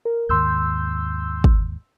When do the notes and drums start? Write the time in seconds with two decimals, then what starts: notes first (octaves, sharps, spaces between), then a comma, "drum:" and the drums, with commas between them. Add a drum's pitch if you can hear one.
0.05 A#4
0.29 D#2 G#2 D#3 C6 E6 G6
1.44 drum: kick